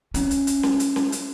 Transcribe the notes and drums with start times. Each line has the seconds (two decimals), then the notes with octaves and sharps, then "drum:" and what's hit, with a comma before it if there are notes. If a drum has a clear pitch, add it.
0.14 C#4, drum: hi-hat
0.31 drum: hi-hat
0.47 drum: hi-hat
0.63 drum: snare
0.80 drum: hi-hat
0.96 drum: snare
1.12 drum: hi-hat